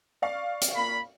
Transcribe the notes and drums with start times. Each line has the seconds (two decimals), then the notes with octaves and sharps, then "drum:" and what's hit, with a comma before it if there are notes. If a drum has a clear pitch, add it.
0.22 D5 F5 C#6
0.61 drum: hi-hat
0.76 A#2 B5